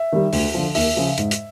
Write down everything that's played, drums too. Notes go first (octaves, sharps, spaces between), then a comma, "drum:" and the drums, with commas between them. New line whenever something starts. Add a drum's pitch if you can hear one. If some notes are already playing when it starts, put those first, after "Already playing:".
Already playing: E5
D#3 G3
D2, drum: open hi-hat
D3 F3
D#2 E5, drum: open hi-hat
C#3 F3
G#2, drum: hi-hat
drum: hi-hat